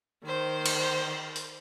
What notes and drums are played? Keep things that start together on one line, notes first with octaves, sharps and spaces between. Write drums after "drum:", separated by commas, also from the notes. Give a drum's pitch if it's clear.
D#3 C5
drum: cymbal
drum: open hi-hat